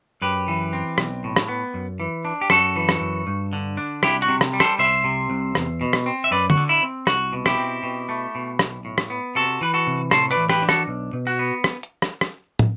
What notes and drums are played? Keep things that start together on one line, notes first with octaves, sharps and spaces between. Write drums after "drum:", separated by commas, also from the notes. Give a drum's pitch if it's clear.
F#2 G4 B4
E3
C4
B1, drum: rim click
A2
drum: rim click
B3
F#2
E3
D4
G4
F#2 F#4 A4, drum: rim click
E3
drum: rim click
F#2
G2
D3
D4
C2 E4 G4, drum: rim click
F#4, drum: hi-hat
C3
drum: rim click
G3
A4 C5, drum: rim click
C2 C5 E5
C3
C2
E2, drum: rim click
B2
drum: rim click
C4
E5
F#2 B4 D5
F#4, drum: tom D3
D3
E4
C4
C2 F#4, drum: rim click
B2
E4 G4, drum: rim click
C4
B2
A3
B2
B1, drum: rim click
A2
drum: rim click
B3
C3 F#4 A4
E3 B4
F#4 A4
C3
A2 A4 C5, drum: rim click
B4 D5, drum: hi-hat
E3
G4 B4, drum: rim click
D4
F#4 A4, drum: rim click
B1
B2
F#4
B3
drum: rim click
drum: hi-hat
drum: rim click
drum: rim click
drum: tom